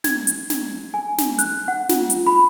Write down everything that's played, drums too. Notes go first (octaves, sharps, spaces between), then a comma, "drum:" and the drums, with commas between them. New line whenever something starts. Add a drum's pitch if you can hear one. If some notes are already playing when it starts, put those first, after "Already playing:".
G#6, drum: snare
drum: hi-hat
drum: snare
G#5
drum: snare
F#6, drum: hi-hat
F#5
F4, drum: snare
drum: hi-hat
B5